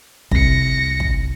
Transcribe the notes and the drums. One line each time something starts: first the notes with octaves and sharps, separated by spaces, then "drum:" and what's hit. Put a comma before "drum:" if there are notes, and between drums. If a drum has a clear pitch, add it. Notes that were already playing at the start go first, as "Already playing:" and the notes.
C2 A#6 C#7, drum: kick
drum: kick